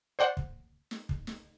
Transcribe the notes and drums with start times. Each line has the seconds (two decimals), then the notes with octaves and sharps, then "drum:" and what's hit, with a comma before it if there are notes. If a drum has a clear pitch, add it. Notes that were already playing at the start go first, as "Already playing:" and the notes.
0.19 C5 D5 F#5 C6
0.37 drum: kick
0.91 drum: snare
1.09 drum: kick
1.27 drum: snare